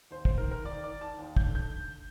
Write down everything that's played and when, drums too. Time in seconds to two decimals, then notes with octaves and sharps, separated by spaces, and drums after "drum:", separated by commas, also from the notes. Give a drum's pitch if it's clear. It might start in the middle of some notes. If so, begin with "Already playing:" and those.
0.11 D#2 C5
0.25 C5, drum: kick
0.38 D#3 A#4
0.51 A#4
0.65 D#3 D5
0.84 D5
0.92 D#3
1.01 A5
1.19 D#2
1.36 G6, drum: kick
1.46 D3
1.55 G6